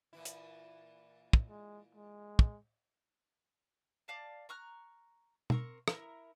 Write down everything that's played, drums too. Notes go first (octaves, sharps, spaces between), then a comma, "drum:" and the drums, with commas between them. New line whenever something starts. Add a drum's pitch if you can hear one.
A#2 E3 E4
drum: hi-hat
drum: kick
G#3
G#3
drum: kick
D5 F5 A5
A#5 C#6 F6 F#6
C4 A#4 C#6, drum: tom
E4 A#4, drum: rim click